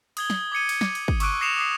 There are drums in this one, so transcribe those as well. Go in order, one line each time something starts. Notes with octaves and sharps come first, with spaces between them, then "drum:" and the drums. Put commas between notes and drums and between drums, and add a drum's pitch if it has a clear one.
D#6 G#6 G7, drum: cymbal
drum: snare
D6 G#6 C#7 D#7
drum: cymbal
D6, drum: snare
drum: cymbal
drum: kick
C#6 D6 E6 F#6 D7 D#7, drum: cymbal
D#6 A#6 C7 C#7 E7 F7
D6 D#6 C7